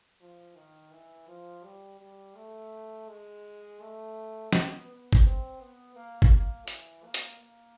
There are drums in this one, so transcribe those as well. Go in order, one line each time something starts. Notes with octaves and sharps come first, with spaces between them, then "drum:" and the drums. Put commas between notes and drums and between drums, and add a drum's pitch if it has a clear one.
F3
D#3
E3
F3
G3
G3
A3
G#3
A3
B3, drum: snare
B3
drum: kick G#1
C4
B3
A#3
drum: kick G#1
A#3
E3, drum: hi-hat
A#3
drum: hi-hat
A#3